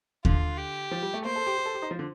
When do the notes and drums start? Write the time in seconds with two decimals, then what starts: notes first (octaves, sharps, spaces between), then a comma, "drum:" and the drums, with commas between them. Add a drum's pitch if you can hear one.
0.25 D3 F4, drum: kick D#2
0.58 G4
0.91 F3
1.02 G3
1.14 A3
1.24 A#3 C5
1.36 A4
1.47 G4
1.58 G4
1.66 A4
1.74 G4
1.82 D#4
1.91 F3
1.99 D3